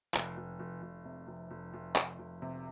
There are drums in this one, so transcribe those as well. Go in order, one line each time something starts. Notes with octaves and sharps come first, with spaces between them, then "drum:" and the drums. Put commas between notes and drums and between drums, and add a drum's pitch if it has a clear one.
F1, drum: clap
F1
F1
F1
C3
F1
F1
F1
F1, drum: clap
F1
C3